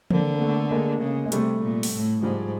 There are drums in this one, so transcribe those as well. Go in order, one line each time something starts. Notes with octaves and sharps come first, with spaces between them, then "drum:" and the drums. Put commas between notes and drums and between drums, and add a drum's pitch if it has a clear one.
D3 A#3 C4, drum: tom E3
A#3
A3 B3
G#3 A#3
C#3
G#3
C3 G3 A3, drum: hi-hat
A#2
drum: open hi-hat
A2
G#2 F3 G3